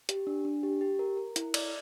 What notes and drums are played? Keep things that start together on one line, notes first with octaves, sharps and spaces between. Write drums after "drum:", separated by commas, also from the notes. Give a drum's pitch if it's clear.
G4, drum: hi-hat
D4
D4
G4
G4
A#4
A#4
E4, drum: hi-hat
D5, drum: cymbal